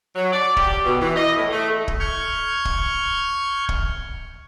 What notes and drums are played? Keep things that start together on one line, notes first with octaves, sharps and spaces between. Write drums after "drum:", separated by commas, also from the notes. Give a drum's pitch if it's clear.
F#3
D5
G4, drum: kick
B2
E3
D#5
A2
A3
drum: kick
C#6 F6 G6 G#6
drum: kick
drum: kick